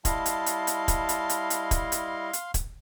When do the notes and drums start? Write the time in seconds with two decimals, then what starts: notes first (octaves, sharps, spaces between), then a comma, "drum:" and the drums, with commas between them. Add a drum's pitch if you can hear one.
0.05 G3 E4 D#5 F5 A5 C6, drum: kick, hi-hat
0.26 drum: hi-hat
0.46 drum: hi-hat
0.67 drum: hi-hat
0.88 drum: kick, hi-hat
1.09 drum: hi-hat
1.29 drum: hi-hat
1.50 drum: hi-hat
1.71 drum: kick, hi-hat
1.92 drum: hi-hat
2.33 drum: hi-hat
2.54 drum: kick, hi-hat